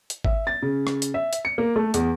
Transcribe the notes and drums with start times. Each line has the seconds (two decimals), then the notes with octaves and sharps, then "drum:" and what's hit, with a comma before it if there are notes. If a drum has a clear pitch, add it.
0.10 drum: hi-hat
0.25 E5, drum: kick G#1
0.47 A6
0.62 C#3
0.87 drum: rim click
1.02 drum: hi-hat
1.14 E5
1.33 drum: hi-hat
1.45 C#7
1.58 A#3
1.76 A3
1.94 E2, drum: hi-hat